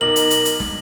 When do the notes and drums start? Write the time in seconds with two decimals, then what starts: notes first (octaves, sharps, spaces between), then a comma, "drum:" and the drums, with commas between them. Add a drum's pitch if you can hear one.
0.01 B1 D#4 A#4 D6 F#7
0.16 drum: hi-hat
0.30 drum: hi-hat
0.45 drum: hi-hat
0.60 drum: snare